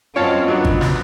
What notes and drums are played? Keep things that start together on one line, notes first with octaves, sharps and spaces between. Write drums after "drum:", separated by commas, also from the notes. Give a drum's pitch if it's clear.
F#2 C4 C#4 F4 C#5 D#5 F5 A5
F#3 B3 D4
drum: kick G#1
drum: snare